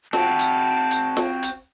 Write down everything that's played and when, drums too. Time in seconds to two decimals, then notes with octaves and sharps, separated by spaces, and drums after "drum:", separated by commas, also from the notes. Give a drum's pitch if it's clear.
0.13 C4 F#4 A5, drum: snare F4
0.39 drum: hi-hat
0.91 drum: hi-hat
1.17 drum: snare F4
1.43 drum: hi-hat